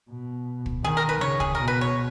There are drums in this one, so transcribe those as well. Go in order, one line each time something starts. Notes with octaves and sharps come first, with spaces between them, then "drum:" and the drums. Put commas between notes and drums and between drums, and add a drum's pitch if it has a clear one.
B2
drum: kick
D#3 G#4
A#4
B4
C#3 C#5
G#4, drum: kick
B2 A#4
B4
C#5